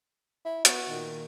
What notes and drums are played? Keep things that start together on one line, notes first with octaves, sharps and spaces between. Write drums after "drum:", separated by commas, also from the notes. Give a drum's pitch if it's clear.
E4
B3 F#4, drum: hi-hat
A#2 D#3